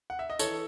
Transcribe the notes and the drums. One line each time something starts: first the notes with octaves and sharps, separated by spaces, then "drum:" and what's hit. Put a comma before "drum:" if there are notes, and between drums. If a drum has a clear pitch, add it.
F#5
E5
D#5
E3 A4 C#5, drum: tambourine